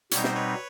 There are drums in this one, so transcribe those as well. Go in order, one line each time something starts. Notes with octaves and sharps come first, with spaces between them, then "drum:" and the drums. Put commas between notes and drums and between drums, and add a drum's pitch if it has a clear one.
B2 G3 C4 D#4 C#5, drum: hi-hat
C5, drum: snare
B4 C#5